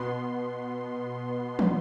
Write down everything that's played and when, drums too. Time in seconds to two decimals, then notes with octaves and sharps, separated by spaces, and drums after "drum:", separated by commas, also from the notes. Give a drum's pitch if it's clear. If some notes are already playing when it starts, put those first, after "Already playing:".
Already playing: B2 B3 C6
1.59 drum: tom